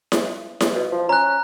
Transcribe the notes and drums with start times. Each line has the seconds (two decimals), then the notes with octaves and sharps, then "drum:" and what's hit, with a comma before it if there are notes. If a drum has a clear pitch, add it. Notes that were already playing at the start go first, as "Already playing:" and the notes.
0.12 drum: snare E4
0.61 drum: snare E4
0.75 B2
0.92 F3
1.09 C#4 A#5 F#6